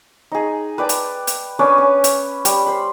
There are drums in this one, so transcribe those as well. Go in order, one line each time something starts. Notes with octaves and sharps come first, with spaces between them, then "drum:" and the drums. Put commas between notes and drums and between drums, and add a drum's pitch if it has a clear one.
D#4 G#4
B4 D5 G5 A5
drum: hi-hat
drum: hi-hat
C#4 D4 B4 G#5
C#4
drum: hi-hat
G3, drum: hi-hat
C5 B5